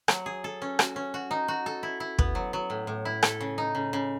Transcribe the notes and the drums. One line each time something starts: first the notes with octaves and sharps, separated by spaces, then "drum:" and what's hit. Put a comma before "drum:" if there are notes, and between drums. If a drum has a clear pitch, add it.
F#3, drum: rim click
G#4
A4
C#4
F#4, drum: rim click
C#4
F#4
D#4
F#4
A4
E4
E4
B3, drum: kick
F#3
F#3
A2
A2
E4
A4, drum: rim click
C#3
D#4
C#3
C#3